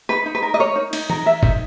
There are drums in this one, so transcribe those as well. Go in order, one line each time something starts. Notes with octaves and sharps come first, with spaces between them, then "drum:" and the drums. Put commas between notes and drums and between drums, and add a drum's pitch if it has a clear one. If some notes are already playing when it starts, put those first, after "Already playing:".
D#4 B4
D#4
B4
A#4
D#5
A#4 C#5
D#4
D#4, drum: cymbal
A#4, drum: tom E3
A#4 E5
D#4 E5, drum: kick